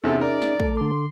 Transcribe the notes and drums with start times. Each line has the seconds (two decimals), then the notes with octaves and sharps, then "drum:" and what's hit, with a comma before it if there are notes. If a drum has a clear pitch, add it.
0.04 E2 C3 C#4 D#4 G#4 A4 E5
0.21 A#4 D5
0.42 drum: snare
0.60 A3 A4, drum: kick
0.77 D3 C6 D6